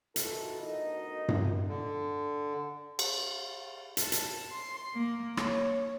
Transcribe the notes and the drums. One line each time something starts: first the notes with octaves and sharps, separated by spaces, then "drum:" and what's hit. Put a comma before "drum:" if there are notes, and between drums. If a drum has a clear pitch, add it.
D#3 E3 D#4 F4 F#4 A4, drum: hi-hat
D2 B2 D#4 A#4 D#5
drum: tom G2
D3
drum: cymbal
A5, drum: hi-hat
drum: hi-hat
C6
A#3
C#5, drum: rim click